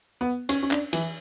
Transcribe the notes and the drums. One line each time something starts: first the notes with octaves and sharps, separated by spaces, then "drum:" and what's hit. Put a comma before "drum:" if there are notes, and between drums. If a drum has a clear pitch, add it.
B3
C#4, drum: cymbal
C#4
D4, drum: clap
E3, drum: cymbal